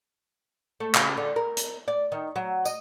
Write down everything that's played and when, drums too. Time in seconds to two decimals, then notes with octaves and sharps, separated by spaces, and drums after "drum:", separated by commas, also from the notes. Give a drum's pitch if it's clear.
0.80 A3
0.94 C#3, drum: clap
1.17 D3
1.36 A#4
1.57 drum: hi-hat
1.88 D5
2.12 D#3
2.36 F#3
2.65 D#5, drum: tambourine